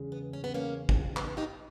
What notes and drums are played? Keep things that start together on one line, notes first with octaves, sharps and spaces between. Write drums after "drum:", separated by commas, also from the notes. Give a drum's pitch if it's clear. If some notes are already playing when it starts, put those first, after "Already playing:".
Already playing: E2 C#3 G#3
B3
C#4
B3
A#3 C#4
drum: kick
B3 D#4, drum: clap
D#4 G4